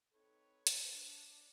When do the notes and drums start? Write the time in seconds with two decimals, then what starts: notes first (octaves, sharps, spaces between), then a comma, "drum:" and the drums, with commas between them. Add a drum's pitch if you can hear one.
0.13 C4 D#4 A4 B4 C#5
0.67 drum: hi-hat
0.91 D4